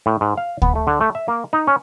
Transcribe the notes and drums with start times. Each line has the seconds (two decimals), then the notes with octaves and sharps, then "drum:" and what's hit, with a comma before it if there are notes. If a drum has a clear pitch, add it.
0.06 A2
0.21 G#2
0.37 F5
0.62 B3, drum: kick D2
0.76 A3
0.87 D3
1.01 A3
1.15 E5
1.28 A#3
1.53 D#4
1.67 C#4